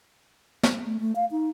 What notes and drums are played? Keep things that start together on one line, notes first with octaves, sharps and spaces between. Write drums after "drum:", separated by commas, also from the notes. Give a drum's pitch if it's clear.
drum: snare
A3
A3
F5
D#4